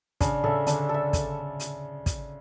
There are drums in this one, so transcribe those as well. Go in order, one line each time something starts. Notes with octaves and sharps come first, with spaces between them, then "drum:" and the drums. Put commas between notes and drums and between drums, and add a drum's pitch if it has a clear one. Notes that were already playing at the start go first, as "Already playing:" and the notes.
C#3 D4, drum: kick, hi-hat
C#3 A4 E5
D3 D4, drum: hi-hat
A4 E5
drum: kick, hi-hat
drum: hi-hat
drum: kick, hi-hat